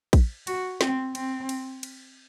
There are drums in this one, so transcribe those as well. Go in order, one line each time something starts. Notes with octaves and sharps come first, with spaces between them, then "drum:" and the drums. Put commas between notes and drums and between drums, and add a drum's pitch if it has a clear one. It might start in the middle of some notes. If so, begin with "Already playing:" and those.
drum: kick, cymbal
F#4, drum: cymbal
C4, drum: snare
C4, drum: cymbal
drum: cymbal
drum: cymbal